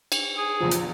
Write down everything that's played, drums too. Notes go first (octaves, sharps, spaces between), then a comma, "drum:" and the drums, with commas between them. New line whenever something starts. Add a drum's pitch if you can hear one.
drum: cymbal
G#4
A#1 E2 F3
drum: hi-hat